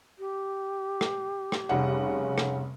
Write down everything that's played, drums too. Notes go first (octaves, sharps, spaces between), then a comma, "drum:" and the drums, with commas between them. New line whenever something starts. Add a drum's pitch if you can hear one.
G4
drum: rim click
drum: rim click
F1 C#3 G3 F#5
drum: rim click